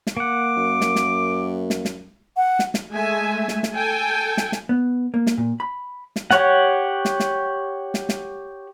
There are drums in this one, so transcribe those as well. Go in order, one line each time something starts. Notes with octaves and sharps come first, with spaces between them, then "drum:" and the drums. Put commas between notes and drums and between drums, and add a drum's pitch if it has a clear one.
drum: snare
A#3 F#5 D6
F#2
drum: snare
drum: snare
drum: snare
drum: snare
F#5
drum: snare
drum: snare
G#3 A3 E5 G#5
drum: snare
drum: snare
A4 G5 G#5
drum: snare
drum: snare
B3
A#3
drum: snare
A#2
B5
drum: snare
G4 C#5 F#5, drum: snare
drum: snare
drum: snare
drum: snare
drum: snare